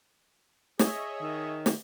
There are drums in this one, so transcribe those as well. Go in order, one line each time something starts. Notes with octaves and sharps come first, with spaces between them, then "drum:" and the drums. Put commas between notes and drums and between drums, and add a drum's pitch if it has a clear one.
G#4 C#5 D#5 E5, drum: snare
D#3
drum: snare